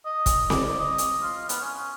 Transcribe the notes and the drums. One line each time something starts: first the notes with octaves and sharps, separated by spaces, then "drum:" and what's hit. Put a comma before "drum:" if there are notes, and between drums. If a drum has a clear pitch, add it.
D#5
drum: kick, hi-hat
D5, drum: snare C4
D#5
drum: hi-hat
F4
B3, drum: hi-hat
C#4